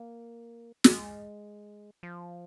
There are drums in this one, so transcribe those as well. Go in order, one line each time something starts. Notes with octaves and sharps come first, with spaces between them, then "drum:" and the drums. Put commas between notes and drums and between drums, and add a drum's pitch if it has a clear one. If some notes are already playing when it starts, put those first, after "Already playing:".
Already playing: A#3
G#3, drum: snare
F3